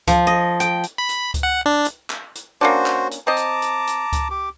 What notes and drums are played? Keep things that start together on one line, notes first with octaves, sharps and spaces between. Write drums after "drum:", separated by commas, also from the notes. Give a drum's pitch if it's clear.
F3, drum: kick C#2, hi-hat
D#5
G5, drum: hi-hat
drum: hi-hat
B5
drum: hi-hat
drum: kick C#2, hi-hat
F#5
D4
drum: hi-hat
drum: clap
drum: hi-hat
A#3 C#4 D4 F#4 C5
drum: clap
drum: hi-hat
C4 D#5 A5 A#5 D6
drum: hi-hat
drum: hi-hat
drum: hi-hat
drum: kick C#2, hi-hat
G4 D6